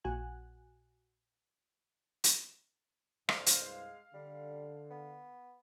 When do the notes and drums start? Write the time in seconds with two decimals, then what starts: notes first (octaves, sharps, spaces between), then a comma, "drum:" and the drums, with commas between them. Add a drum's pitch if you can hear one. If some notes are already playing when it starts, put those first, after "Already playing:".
0.04 A#1 A#2 F#4 G#5 F#6
2.24 drum: hi-hat
3.29 C2 G2 D3 C5 F5, drum: rim click
3.46 drum: hi-hat
3.61 G#3
4.14 D3 G3
4.90 B3